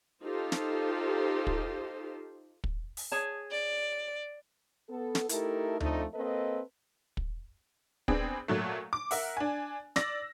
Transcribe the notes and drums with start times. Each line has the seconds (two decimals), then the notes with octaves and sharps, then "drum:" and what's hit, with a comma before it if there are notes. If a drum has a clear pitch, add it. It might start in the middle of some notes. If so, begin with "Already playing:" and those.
0.24 D#4 F4 G4 A4 C5
0.52 drum: snare
1.47 drum: kick
2.64 drum: kick
2.97 drum: open hi-hat
3.12 G#4 C#5 A5
3.51 D5
4.90 B3 A4
5.15 drum: snare
5.29 A3 D#4 E4 G4 A4 A#4, drum: hi-hat
5.80 F2 F3 A3 D4 D#4, drum: tom D2
6.14 A#3 C4 A4 B4 D#5
7.17 drum: kick
8.08 B3 C4 D4 G#4, drum: kick
8.48 A#2 F#3 A3
8.93 D6
9.11 A#4 E5 F#5, drum: open hi-hat
9.37 D4 G#5
9.96 D5 E6 A#6, drum: snare